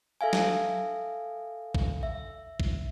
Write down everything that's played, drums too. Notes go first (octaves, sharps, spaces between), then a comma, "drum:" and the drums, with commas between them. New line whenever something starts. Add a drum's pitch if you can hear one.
A4 E5 F5 G#5
drum: snare
drum: kick A#1
E5
drum: kick A#1